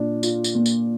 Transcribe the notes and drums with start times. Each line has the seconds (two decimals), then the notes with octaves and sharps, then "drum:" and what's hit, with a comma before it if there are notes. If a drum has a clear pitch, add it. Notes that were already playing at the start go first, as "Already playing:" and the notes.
Already playing: A#2 D4
0.23 F4, drum: tambourine
0.44 drum: tambourine
0.55 A#2
0.66 drum: tambourine